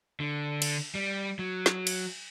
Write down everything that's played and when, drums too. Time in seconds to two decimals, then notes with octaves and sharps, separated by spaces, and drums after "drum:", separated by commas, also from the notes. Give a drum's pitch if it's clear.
0.20 D3
0.62 drum: cymbal
0.95 G3
1.39 F#3
1.66 drum: snare
1.87 drum: cymbal